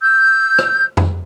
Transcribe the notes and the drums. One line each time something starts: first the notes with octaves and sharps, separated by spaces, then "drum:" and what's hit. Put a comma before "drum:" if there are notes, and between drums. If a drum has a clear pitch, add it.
E6 G6
drum: rim click
drum: tom F2